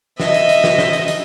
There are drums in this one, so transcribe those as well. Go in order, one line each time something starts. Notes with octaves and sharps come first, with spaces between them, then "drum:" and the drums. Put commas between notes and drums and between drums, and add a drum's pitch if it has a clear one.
D#5 E5, drum: snare
drum: hi-hat
drum: hi-hat
drum: snare
drum: snare
drum: hi-hat
drum: hi-hat